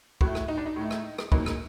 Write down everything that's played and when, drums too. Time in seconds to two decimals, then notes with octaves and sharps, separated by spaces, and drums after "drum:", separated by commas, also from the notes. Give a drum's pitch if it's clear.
0.21 A2 A3 F#4, drum: kick
0.35 drum: rim click
0.48 D#4
0.57 D4
0.66 D#4
0.76 A2 A3
0.91 drum: rim click
1.18 drum: rim click
1.32 A#2 F#3 A#3 D#4, drum: kick
1.46 drum: rim click